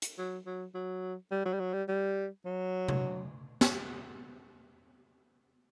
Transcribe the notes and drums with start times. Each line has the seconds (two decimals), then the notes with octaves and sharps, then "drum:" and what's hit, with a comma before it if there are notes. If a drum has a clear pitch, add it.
0.02 drum: hi-hat
0.18 F#3
0.46 F#3
0.75 F#3
1.32 G3
1.46 F#3
1.53 G3
1.60 F#3
1.73 G3
1.88 G3
2.45 F#3
2.88 drum: tom C3
3.61 drum: snare